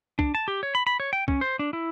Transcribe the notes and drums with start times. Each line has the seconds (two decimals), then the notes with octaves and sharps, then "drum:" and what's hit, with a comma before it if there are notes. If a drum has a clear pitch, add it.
0.19 D4, drum: kick
0.35 A5
0.48 G4
0.63 C#5
0.75 B5
0.87 B5
1.00 C#5
1.13 G5
1.28 C#4, drum: kick
1.41 C5
1.59 D4
1.73 E4